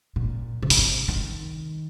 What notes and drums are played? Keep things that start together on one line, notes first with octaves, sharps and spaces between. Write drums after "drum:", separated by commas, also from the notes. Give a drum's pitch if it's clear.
A#2
C3
A#2, drum: open hi-hat
C3
D#3